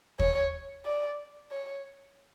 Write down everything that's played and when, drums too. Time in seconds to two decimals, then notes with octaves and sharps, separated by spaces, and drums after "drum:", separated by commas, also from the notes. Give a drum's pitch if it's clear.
0.19 C#5, drum: kick
0.86 D5
1.52 C#5